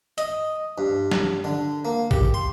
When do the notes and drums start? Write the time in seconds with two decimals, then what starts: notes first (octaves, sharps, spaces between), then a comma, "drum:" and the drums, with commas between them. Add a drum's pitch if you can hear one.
0.18 D#5, drum: hi-hat
0.78 G2
1.11 drum: snare
1.44 D3
1.85 A#3
2.11 G4, drum: kick G#1
2.34 C6